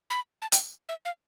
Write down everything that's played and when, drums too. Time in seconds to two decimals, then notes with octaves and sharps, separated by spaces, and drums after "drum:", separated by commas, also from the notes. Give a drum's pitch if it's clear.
0.10 B5
0.42 A5
0.52 G5, drum: hi-hat
0.89 E5
1.05 F5